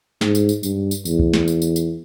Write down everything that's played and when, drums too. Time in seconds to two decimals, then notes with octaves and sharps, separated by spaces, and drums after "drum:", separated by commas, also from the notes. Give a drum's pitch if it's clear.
0.21 G#2, drum: snare
0.35 drum: tambourine
0.49 drum: tambourine
0.63 G2, drum: tambourine
0.91 drum: tambourine
1.05 E2, drum: tambourine
1.19 drum: kick
1.34 drum: snare
1.48 drum: tambourine
1.62 drum: tambourine
1.76 drum: tambourine